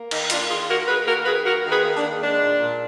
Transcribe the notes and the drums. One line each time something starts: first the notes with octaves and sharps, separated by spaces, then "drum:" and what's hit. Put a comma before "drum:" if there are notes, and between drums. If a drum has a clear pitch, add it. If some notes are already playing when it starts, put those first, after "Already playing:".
Already playing: A#3
D#3 D#4, drum: cymbal
A#3 D4 F4, drum: hi-hat
D#3 F4 G#4
A#3 F#4 A#4
D#3 G#4 B4
A#3 F#4 A#4
D#3 G#4 B4
A#3 F#4 A#4
D#3
G#4 B4
A#3
D4
D#3
G#3 D4
A#2
A#2